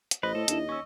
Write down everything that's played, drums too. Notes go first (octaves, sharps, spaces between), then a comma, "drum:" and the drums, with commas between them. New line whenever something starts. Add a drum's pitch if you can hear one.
drum: hi-hat
A1 B4 C5 D#5
A2 A4
D#2 D4 E4, drum: hi-hat
C#4 C#6 E6